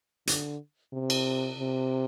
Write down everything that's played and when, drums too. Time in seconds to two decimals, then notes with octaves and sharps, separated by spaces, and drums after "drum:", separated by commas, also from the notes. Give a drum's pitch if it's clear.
0.27 D3, drum: hi-hat
0.93 C3
1.10 drum: cymbal
1.59 C3